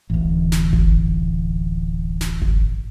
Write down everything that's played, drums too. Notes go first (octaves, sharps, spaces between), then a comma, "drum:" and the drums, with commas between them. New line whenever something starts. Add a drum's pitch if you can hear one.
D1 A1
drum: snare
drum: kick G1
drum: snare
drum: kick G1